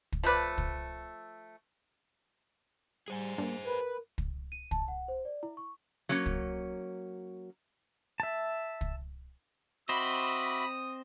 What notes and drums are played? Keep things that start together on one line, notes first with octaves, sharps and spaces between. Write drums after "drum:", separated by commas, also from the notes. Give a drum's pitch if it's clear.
drum: kick
F3 A3 B4 D5
drum: kick
G3 G#4 C5 G#5
G2 A#3
A#4 B4
drum: kick
D#7
A5, drum: kick
F#5
C5
D5
E4
C#6
F#3 A#3 C#4
drum: kick
E5 A5
drum: kick
C4 F#4 C5 D#5 E5 B5 D6 D#6